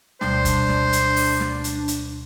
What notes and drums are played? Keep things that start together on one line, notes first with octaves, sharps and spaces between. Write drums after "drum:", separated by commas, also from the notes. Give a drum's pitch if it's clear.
D2 B2 G3 D4 C5, drum: snare
drum: kick G1, hi-hat
drum: snare
drum: hi-hat
drum: open hi-hat
drum: snare
drum: hi-hat
drum: hi-hat